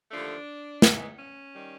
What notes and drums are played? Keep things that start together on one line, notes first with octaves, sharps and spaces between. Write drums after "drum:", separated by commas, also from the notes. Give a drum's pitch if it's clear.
D#2 D3 F3 A3 D4
G#2 E3 G#3, drum: snare
C#4
D#3 G3